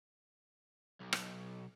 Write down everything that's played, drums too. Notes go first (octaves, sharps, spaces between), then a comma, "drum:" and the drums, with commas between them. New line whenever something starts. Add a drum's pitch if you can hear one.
B1
drum: rim click